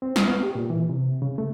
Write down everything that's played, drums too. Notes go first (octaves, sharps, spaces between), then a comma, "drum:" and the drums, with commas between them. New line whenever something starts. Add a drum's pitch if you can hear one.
C4
F6, drum: snare
B3
G4
A#2
E3
C3
C#3
A3